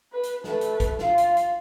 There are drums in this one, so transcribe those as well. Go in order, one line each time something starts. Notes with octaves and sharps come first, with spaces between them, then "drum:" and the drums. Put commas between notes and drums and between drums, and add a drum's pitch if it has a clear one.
B4
drum: hi-hat
A3 B4, drum: snare
drum: hi-hat
drum: kick, hi-hat
F4, drum: snare
drum: hi-hat
drum: hi-hat